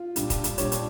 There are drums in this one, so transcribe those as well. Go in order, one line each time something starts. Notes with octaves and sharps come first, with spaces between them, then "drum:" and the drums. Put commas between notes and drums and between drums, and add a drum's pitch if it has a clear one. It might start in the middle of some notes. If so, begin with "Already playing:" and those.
Already playing: F4
A#2 G3 D4 G4, drum: hi-hat
drum: kick, hi-hat
drum: hi-hat
A#2 G3 D4 G4 C#5, drum: hi-hat
drum: hi-hat